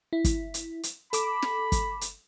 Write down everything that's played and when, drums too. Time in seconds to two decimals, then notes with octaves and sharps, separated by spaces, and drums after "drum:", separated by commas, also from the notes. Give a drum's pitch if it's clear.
0.13 E4
0.24 drum: kick, hi-hat
0.54 drum: hi-hat
0.83 drum: hi-hat
1.13 A4 B5 D6, drum: hi-hat
1.42 drum: snare
1.72 drum: kick, hi-hat
2.01 drum: hi-hat